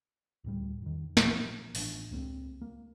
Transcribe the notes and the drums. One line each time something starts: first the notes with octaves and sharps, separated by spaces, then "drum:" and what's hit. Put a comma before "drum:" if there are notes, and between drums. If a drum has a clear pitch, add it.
D1 A2 G3
E2 D#3
A#2 E3 F3, drum: snare
A1 B3 D4, drum: open hi-hat
C#2 A#3 C4
A#3